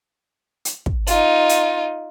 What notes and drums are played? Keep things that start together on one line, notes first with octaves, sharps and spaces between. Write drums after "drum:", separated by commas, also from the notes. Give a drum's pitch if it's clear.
drum: hi-hat
drum: kick
D#4 F4, drum: hi-hat
drum: hi-hat